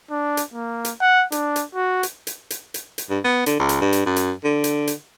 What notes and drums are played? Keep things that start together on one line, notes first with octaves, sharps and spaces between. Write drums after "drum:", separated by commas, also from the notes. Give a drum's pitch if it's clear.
D4
drum: hi-hat
A#3
drum: hi-hat
F#5
D4, drum: hi-hat
drum: hi-hat
F#4
drum: hi-hat
drum: hi-hat
drum: hi-hat
drum: hi-hat
drum: hi-hat
G2
B3
D3, drum: hi-hat
C#2
drum: hi-hat
G2
drum: hi-hat
F#2
drum: hi-hat
D3
drum: hi-hat
drum: hi-hat